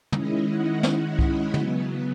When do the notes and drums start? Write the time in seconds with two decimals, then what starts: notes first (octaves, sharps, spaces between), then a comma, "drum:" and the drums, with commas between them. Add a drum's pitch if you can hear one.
0.12 D#3 G#3 C#4 E4 D#5, drum: tom
0.48 F#5
0.83 drum: snare
1.19 B5, drum: kick C2
1.54 C#3 F#3 B3, drum: tom